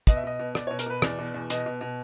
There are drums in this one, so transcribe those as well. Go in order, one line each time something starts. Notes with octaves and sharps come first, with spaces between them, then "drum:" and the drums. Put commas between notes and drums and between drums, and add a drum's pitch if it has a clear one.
B2 D#5, drum: kick, hi-hat
E5
B2 D#5
B2
B2 D5, drum: rim click
C#5
B2
A#4, drum: hi-hat
B2 B4
E2 D5, drum: rim click
B2
E2
B2 D#5, drum: hi-hat
B2
B2